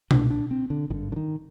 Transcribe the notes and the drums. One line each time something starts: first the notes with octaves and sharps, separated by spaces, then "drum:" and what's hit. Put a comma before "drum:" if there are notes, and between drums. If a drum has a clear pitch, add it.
C2 A#2 D4, drum: tom B2
D4
C4
D3
G#1 G2 D3 D#3
D3
D#3